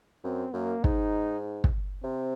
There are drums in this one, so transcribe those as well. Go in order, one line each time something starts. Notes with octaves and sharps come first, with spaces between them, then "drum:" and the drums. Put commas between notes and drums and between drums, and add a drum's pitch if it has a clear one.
F#2 C4
F#2 A#3
G#2 D#4, drum: kick
drum: kick
C3 C4